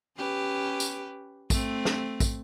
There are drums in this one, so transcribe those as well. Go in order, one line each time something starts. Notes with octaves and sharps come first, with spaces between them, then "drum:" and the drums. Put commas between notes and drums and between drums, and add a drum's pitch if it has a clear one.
C#4 G4 B4
drum: tambourine
A3 C4, drum: kick, tambourine
drum: snare
drum: kick, tambourine